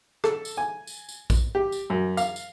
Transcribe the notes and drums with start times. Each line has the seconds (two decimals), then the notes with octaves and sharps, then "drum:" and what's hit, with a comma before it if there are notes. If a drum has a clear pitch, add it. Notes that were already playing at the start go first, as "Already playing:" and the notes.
0.24 A4, drum: rim click
0.45 drum: tambourine
0.57 G#5
0.87 drum: tambourine
1.09 drum: tambourine
1.30 drum: kick A#1, tambourine
1.55 G4
1.72 drum: tambourine
1.90 F#2
2.17 F5, drum: tambourine
2.36 drum: tambourine